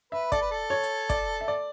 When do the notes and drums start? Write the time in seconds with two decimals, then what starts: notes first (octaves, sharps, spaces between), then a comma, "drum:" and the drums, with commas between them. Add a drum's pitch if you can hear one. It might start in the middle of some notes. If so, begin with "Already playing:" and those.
0.12 B4 E5
0.32 A4 D5, drum: kick, hi-hat
0.41 B4
0.51 A4
0.70 C#5
0.83 drum: hi-hat
1.09 D5, drum: kick, hi-hat
1.41 E5
1.48 D5